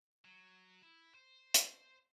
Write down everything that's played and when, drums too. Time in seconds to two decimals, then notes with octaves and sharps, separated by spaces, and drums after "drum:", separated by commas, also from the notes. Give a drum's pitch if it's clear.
0.25 F#3
0.83 E4
1.14 C5
1.54 drum: hi-hat